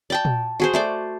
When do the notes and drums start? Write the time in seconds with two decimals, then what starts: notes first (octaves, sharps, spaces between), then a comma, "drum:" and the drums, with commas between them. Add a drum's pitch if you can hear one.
0.10 D5 G5 A5
0.25 drum: tom A#2
0.60 F#4 G#4 C5
0.74 A3 C5 D5